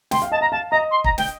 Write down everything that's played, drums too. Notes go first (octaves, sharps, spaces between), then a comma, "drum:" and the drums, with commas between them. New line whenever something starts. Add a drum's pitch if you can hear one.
G5 C6, drum: snare
F5
D#5 A5
F5 A#5
F5 A5
D#5 A#5
C6
A#5, drum: kick
G5, drum: snare